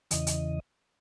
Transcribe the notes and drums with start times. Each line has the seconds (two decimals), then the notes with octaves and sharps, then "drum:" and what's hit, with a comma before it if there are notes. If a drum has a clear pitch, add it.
0.11 E2 C#3 E3 D#5, drum: hi-hat
0.27 drum: hi-hat